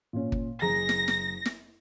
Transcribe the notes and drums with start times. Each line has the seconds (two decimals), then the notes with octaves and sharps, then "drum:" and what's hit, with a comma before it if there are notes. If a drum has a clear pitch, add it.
0.13 A#2 C#4
0.32 drum: kick
0.62 F#1 G#4 A#5 A#6
0.89 drum: snare
1.08 drum: snare
1.45 drum: snare